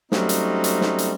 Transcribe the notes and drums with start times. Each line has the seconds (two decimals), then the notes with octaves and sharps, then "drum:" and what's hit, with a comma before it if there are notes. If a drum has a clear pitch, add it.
0.12 F#3 G3 A3 C4 C#4 D#4, drum: snare
0.29 drum: hi-hat
0.64 drum: hi-hat
0.81 drum: snare
0.98 drum: hi-hat